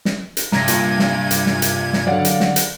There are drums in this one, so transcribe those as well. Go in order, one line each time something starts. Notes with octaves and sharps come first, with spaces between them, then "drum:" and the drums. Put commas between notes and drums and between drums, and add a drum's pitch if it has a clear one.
drum: snare
drum: hi-hat
G2 C3 A#5 G#6 A#6, drum: snare
A#2, drum: hi-hat
drum: snare
drum: hi-hat
drum: snare
drum: hi-hat
drum: snare
D3 F#3 D5 F5 F#5
drum: hi-hat
drum: snare
drum: hi-hat